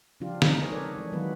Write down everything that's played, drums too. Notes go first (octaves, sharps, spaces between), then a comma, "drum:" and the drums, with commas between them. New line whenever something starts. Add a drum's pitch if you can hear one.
C#3 F3 D4 F4 G4
G#3 C4 C#4 D#4, drum: snare
G#4 B4 C#5
A4 A#4 C#5 D5
E3 G#3 C#5
D#3 F#3 G#3 B3 F4 B4